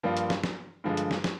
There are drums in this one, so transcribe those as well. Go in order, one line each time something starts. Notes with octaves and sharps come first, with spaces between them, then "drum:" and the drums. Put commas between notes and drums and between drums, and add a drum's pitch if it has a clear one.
G2 F3 A#3 D4 F4
drum: hi-hat
drum: snare
drum: snare
G2 D3 F3 G#3
drum: hi-hat
drum: snare
drum: snare